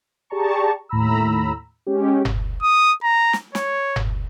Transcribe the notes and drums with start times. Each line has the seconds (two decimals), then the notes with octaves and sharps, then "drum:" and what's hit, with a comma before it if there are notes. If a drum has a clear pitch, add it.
0.30 G4 G#4 D5 A5 A#5 C#6
0.89 D#2 A2 A#5 B5 E6
1.87 G#3 C#4 G4
2.25 drum: tom F#1
2.63 D#6
3.04 A#5
3.33 drum: snare
3.55 C#5, drum: snare
3.96 drum: tom F#1